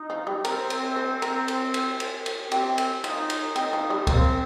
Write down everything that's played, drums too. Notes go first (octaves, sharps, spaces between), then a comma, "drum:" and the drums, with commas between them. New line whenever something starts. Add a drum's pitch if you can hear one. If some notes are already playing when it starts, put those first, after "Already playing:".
Already playing: D#4
F3
G3
C4 A#4, drum: cymbal
drum: cymbal
C5
A#4, drum: cymbal
drum: cymbal
drum: cymbal
drum: cymbal
drum: cymbal
C4 G4, drum: cymbal
drum: cymbal
D#4 F4, drum: cymbal
drum: cymbal
C4 D#4, drum: cymbal
F3
G3
A#3 C4, drum: kick C#2, cymbal